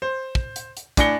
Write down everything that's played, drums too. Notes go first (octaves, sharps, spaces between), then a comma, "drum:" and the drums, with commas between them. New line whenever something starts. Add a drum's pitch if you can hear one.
C5
drum: kick
drum: hi-hat
drum: hi-hat
A2 D4 G#5 A#6 C#7 G7, drum: kick, hi-hat